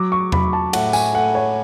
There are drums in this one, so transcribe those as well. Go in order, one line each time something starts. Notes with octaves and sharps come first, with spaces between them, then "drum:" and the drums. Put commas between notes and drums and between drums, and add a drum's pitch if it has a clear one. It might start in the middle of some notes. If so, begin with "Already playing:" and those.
Already playing: F#3 D6
C#6
F#3 B5, drum: tom E2
A5
A2 F#5, drum: cymbal
G#5, drum: tambourine
A3 F#5
C#5